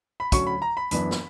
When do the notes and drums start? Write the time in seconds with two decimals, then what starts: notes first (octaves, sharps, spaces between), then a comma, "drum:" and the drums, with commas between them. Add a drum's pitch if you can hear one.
0.20 B5
0.32 D2 D3 F#3 C#4 C#6, drum: kick, hi-hat
0.47 B5
0.62 A#5
0.77 B5
0.91 F#2 E3 B3 D4 B5, drum: hi-hat
1.11 drum: snare